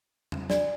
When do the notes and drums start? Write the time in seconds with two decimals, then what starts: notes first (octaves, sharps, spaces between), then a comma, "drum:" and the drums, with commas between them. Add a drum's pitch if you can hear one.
0.32 drum: tom
0.50 D4 D5, drum: snare